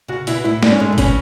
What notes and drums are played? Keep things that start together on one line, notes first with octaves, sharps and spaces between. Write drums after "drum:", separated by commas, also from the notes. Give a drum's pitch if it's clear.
C#3 F#4
B2 E4, drum: hi-hat
A2 E4
G#2 D4, drum: snare A3
C#4
G#2 G#3
A3
A2
B2 C#4, drum: kick, hi-hat